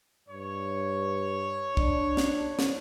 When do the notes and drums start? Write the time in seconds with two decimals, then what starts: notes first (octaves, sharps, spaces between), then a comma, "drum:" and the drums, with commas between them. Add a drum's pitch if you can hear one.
0.29 G2 C#5
1.77 D4, drum: kick
2.17 drum: snare
2.59 drum: snare